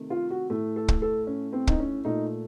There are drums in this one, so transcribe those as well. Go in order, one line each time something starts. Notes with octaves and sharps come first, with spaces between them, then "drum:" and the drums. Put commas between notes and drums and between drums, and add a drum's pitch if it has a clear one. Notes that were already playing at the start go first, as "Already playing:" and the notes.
Already playing: C3 D#3 A3
F4
F#4
A2 A3
A4
drum: kick
A4
C#4
C4
D#4, drum: kick
C#4
A#2 A3 D#4